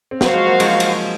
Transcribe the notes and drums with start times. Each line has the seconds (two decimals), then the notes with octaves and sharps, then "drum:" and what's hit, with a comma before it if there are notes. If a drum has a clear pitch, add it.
0.11 C4
0.21 F#3 A#3 F#4 C5 F5, drum: snare
0.34 F3 G#3
0.47 F#3 A#3
0.60 F3 G#3, drum: cymbal
0.80 drum: cymbal